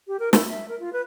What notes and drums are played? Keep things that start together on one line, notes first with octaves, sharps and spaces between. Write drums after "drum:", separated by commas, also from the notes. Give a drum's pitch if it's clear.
G4
A#4
E4, drum: snare
E5
A#4
F4
B4